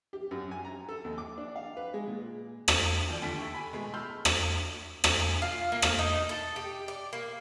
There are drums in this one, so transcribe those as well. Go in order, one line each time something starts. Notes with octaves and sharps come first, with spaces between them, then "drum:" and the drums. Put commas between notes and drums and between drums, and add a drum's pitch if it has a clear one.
G4
F#2
G#5
A#5
A4
D#2
D6
D4
F5
B4
G#3
A#2
drum: rim click
D#2 F3 D5
D#2 D3 A4 B6 D7
A4 E5 C#6
G#5 B5
B2 G#3 A3 G#4
A5 B5 C6 E6 F6 G6
drum: rim click
drum: rim click
G#5
F4
A#3
drum: rim click
D#4
A4
G4
D5
A#3